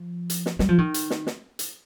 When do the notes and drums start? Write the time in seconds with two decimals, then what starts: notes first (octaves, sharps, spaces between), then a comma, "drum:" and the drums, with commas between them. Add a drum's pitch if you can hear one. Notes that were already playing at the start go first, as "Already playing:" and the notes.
Already playing: F3
0.30 drum: hi-hat
0.46 drum: snare
0.59 G3, drum: snare
0.69 F3
0.78 D#3
0.94 drum: hi-hat
1.10 drum: snare
1.27 drum: snare
1.59 drum: hi-hat